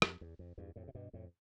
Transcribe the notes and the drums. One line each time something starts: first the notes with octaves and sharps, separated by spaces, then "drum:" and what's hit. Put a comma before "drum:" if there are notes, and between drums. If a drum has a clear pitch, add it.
F2, drum: rim click
E2
F2
E2 G2
F2 A2
C3
G2 B2
F2 A2